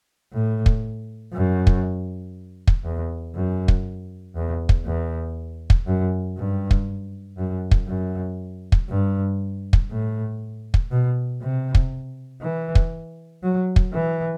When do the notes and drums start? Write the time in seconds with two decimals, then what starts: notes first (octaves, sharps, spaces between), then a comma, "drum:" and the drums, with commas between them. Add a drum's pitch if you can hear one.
0.32 A2
0.66 drum: kick
1.33 F#2
1.67 drum: kick
2.67 drum: kick
2.84 E2
3.35 F#2
3.68 drum: kick
4.35 E2
4.69 drum: kick
4.85 E2
5.70 drum: kick
5.87 F#2
6.37 G2
6.71 drum: kick
7.38 F#2
7.71 drum: kick
7.88 F#2
8.72 drum: kick
8.89 G2
9.73 drum: kick
9.90 A2
10.74 drum: kick
10.91 B2
11.41 C3
11.75 drum: kick
12.41 E3
12.75 drum: kick
13.43 F#3
13.76 drum: kick
13.93 E3